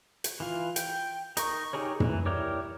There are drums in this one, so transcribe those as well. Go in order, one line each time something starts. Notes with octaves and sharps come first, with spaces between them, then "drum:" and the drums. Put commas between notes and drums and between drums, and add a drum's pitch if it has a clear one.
drum: hi-hat
E3 F4
G5, drum: hi-hat
D#4 A#4 C#6, drum: hi-hat
D#4 G4 G#4 A#4 C#5
E3, drum: tom
E4 G4 A#4 C#5 D5